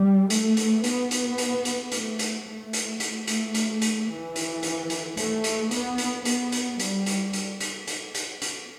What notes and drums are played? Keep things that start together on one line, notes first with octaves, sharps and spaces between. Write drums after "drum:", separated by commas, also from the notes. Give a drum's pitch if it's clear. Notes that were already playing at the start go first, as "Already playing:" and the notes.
Already playing: G3
A3, drum: hi-hat
drum: hi-hat
B3, drum: hi-hat
drum: hi-hat
drum: hi-hat
drum: hi-hat
A3, drum: hi-hat
drum: hi-hat
A3
drum: hi-hat
A3, drum: hi-hat
drum: hi-hat
drum: hi-hat
drum: hi-hat
E3
drum: hi-hat
drum: hi-hat
drum: hi-hat
A3, drum: hi-hat
drum: hi-hat
B3, drum: hi-hat
drum: hi-hat
B3, drum: hi-hat
drum: hi-hat
G3, drum: hi-hat
drum: hi-hat
drum: hi-hat
drum: hi-hat
drum: hi-hat
drum: hi-hat
drum: hi-hat